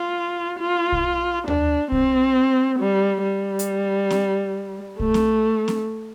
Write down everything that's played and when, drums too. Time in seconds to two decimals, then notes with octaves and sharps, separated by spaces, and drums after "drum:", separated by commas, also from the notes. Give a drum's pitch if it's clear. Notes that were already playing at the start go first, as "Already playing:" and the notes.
Already playing: F4
0.59 F4
0.92 drum: kick
1.48 D4, drum: tom D#2
1.92 C4, drum: kick
2.80 G3
3.23 G3
3.59 drum: hi-hat
4.10 drum: snare C4
5.00 A3, drum: kick
5.14 drum: snare C4
5.68 drum: snare C4